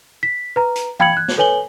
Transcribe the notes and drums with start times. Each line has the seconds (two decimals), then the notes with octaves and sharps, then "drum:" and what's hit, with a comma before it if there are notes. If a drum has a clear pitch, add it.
0.23 B6
0.56 B4 A#5
0.76 drum: hi-hat
1.00 F5 G5 B5 G#6 C#7 F#7, drum: tom E3
1.13 F#6 G#6
1.28 drum: snare
1.38 A4 B4 C#5 G#5 F#7 G7